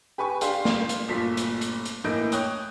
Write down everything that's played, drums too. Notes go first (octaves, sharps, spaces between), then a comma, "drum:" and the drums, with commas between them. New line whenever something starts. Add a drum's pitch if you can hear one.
G4 B4 G#5 C#6
D4 G4 F5 C6, drum: hi-hat
drum: snare
drum: hi-hat
G1 A#2 A3 F4 B6
drum: hi-hat
drum: hi-hat
drum: hi-hat
A2 E3 A#3 D#5 G6 D7
C#5 G5 D#6 F#6, drum: hi-hat